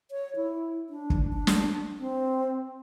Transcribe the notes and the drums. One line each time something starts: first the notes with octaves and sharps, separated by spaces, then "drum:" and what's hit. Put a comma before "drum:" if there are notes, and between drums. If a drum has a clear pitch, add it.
C#5
E4
D4
drum: kick
D4
drum: snare
C4